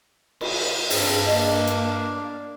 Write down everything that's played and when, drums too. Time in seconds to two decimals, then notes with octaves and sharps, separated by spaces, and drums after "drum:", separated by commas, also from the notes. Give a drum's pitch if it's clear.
0.41 drum: cymbal
0.90 G2 C4 D4 G#4, drum: open hi-hat
1.26 A#3 D4 D#5
1.67 drum: hi-hat